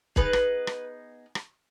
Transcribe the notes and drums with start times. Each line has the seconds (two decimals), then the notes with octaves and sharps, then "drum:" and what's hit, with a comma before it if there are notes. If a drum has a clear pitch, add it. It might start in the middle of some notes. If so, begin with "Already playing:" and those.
0.16 B3 D#4 G#4 B4, drum: kick
0.33 drum: rim click
0.67 drum: rim click
1.35 drum: rim click